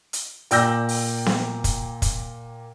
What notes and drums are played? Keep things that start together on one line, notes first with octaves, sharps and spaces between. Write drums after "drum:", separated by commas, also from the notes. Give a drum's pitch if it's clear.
drum: hi-hat
A#2 D5 G5 E6 G6 A#6, drum: hi-hat
drum: open hi-hat
drum: snare B3
drum: kick, hi-hat
drum: kick, hi-hat